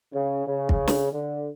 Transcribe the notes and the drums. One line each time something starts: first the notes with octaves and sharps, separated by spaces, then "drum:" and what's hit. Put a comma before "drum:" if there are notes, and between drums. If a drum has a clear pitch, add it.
C#3
C#3
drum: kick
drum: snare
D3